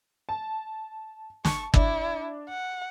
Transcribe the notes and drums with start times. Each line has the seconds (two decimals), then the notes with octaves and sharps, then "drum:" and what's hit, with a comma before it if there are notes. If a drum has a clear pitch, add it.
0.29 A5
1.45 A5 C#6, drum: snare
1.74 D4 E4, drum: kick G1
2.49 F#5